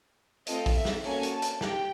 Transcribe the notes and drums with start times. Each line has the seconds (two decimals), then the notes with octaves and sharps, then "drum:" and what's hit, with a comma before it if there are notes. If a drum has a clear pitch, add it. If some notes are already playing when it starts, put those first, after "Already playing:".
0.47 A3 C4 F4 A4 D#5, drum: hi-hat
0.66 drum: kick A#1, open hi-hat
0.75 E5
0.85 drum: snare
1.04 A#3 C#4 F#4 A4 G#5, drum: open hi-hat
1.23 drum: hi-hat
1.33 A5
1.42 drum: hi-hat
1.61 G4 G5, drum: snare